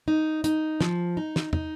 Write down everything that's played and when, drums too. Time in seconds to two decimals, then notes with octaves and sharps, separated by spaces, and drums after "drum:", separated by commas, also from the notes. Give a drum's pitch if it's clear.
0.08 D#4
0.44 D#4, drum: hi-hat
0.80 F3, drum: snare
1.17 D#4
1.36 drum: snare
1.53 D#4, drum: tom